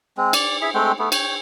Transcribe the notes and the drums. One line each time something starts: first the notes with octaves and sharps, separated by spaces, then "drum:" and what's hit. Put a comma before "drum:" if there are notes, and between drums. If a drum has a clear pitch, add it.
G#3 C4
D5, drum: cymbal
E4 G#4 B5
G#3 A3 C4 G5
A3 B3
C#5 G5, drum: cymbal